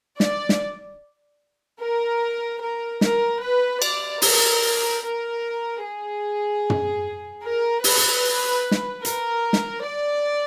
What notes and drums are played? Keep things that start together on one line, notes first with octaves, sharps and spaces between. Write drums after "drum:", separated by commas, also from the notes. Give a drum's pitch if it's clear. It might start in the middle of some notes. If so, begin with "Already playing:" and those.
D5, drum: snare
drum: snare
A#4
A#4
A#4, drum: snare
B4
D5, drum: cymbal
A#4, drum: open hi-hat
A#4
G#4
drum: tom
A#4
B4, drum: open hi-hat
drum: hi-hat
drum: snare
A#4, drum: hi-hat
drum: snare
D5